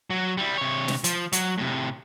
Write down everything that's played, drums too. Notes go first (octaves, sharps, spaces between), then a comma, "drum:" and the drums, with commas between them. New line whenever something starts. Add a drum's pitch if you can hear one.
F#3
G3 E4
C3 C#5
drum: snare
F3, drum: hi-hat
F#3, drum: hi-hat
A2 C3